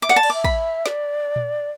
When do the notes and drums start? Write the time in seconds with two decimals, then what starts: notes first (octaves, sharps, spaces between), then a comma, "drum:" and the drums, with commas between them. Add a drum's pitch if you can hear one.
0.02 E5 D6
0.09 F#5, drum: snare
0.13 D5
0.16 A5
0.23 D5, drum: cymbal
0.30 E5 D6
0.44 B5, drum: kick
0.86 D5, drum: snare
1.36 drum: tom A#2